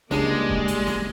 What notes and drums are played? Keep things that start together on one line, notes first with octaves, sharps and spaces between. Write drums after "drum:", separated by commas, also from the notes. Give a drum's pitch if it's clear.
C#2 G3 G#3 A#3 D4 G#4 D5, drum: snare
drum: kick
drum: hi-hat
drum: snare